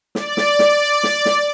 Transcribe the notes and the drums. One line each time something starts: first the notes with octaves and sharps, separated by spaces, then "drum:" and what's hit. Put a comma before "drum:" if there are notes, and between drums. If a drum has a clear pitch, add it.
D5, drum: snare
drum: snare
drum: snare
drum: snare
drum: snare